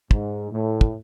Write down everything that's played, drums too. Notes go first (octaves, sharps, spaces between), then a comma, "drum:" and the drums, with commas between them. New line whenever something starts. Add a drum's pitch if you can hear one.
G#2, drum: kick
A2
drum: kick